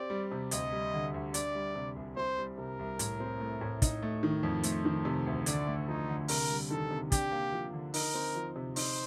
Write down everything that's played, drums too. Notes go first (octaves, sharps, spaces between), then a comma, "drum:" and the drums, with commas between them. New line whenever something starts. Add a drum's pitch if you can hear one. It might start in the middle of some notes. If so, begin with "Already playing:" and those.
Already playing: C4 G4 D5
G3
C3
D2 D#5, drum: hi-hat
G3
D3
D2
D4 D5, drum: hi-hat
G3
C3
C2
C4 C5
G3
C3 A#4
C2
A2, drum: hi-hat
C4
A3
A2
D#4, drum: kick, hi-hat
A3
D#3
F2
A3 C5, drum: hi-hat
D#3
C3
D2
D3 D5, drum: hi-hat
A3
F3 D#4
D3
C3 A#4, drum: open hi-hat
G3
D#3 A4
C3
D4 G4, drum: kick, hi-hat
A#3
F3
D3
D#4 A#4, drum: open hi-hat
C4
F3
C3
D#4 C5, drum: open hi-hat